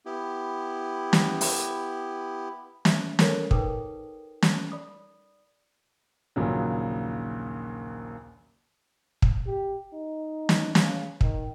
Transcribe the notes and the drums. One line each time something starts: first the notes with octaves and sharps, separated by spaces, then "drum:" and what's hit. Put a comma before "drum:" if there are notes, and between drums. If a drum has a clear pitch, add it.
B3 E4 G4
drum: snare
drum: open hi-hat
E5, drum: snare
A4 A#4 C5 C#5, drum: snare
D#4 G#4 A#4 B4 G5 D#6, drum: kick
drum: snare
D5 B5 D#6
A#1 D#2 C#3 F#3
drum: kick
G4
D#4
drum: snare
C#3, drum: snare
D#3, drum: kick